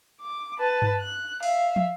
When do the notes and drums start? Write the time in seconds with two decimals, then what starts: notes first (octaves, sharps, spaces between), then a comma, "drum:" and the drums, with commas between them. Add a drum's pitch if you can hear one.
0.21 D6
0.58 B4 A5
0.82 drum: tom G2
1.00 F#6
1.43 E5 F5, drum: open hi-hat
1.76 drum: tom